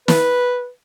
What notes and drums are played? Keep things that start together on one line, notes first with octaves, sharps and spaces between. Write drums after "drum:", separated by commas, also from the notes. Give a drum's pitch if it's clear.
B4, drum: snare